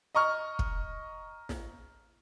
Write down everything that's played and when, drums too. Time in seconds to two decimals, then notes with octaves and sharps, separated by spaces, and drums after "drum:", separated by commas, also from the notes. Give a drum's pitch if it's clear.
0.15 D#5 A#5 C#6 F6
0.59 drum: kick
1.49 drum: snare